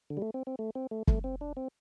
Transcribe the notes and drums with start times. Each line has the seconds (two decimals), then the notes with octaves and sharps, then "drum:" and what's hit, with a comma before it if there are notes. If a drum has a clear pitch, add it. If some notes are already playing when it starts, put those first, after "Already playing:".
0.10 D3
0.17 G3
0.22 A3
0.34 C4
0.47 C4
0.59 A3
0.75 C4
0.91 A3
1.07 A3, drum: kick
1.24 C4
1.41 D4
1.57 C4